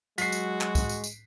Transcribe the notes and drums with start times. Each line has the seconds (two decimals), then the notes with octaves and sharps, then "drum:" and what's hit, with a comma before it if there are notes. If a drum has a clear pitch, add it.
0.18 F#3 G#3 F#4 B6 C7, drum: tambourine
0.32 drum: tambourine
0.61 drum: clap
0.75 drum: kick, tambourine
0.89 drum: tambourine
1.04 drum: tambourine